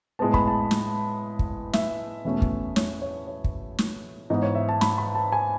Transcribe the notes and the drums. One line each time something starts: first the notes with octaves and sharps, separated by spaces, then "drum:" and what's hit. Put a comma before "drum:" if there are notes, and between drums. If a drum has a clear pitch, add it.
A2 G#3 B3 A5
B5, drum: kick
A5
drum: snare
drum: kick
E5, drum: snare
E2 B2 A3 C#4
drum: kick
C#5, drum: snare
C#5
C#5
drum: kick
drum: snare
G#2 E3 B3 D#5
C#5
E5
A5
B5, drum: snare
B5
A5
G#5